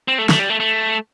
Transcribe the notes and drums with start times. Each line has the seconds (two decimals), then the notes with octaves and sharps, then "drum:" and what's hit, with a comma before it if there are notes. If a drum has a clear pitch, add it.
0.08 C4
0.18 A3
0.29 A3, drum: snare
0.39 G3
0.50 A3
0.60 A3